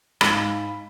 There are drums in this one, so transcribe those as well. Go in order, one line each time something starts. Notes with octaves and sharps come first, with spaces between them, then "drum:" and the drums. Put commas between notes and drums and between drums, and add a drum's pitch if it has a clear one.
G#2 F5 B5, drum: rim click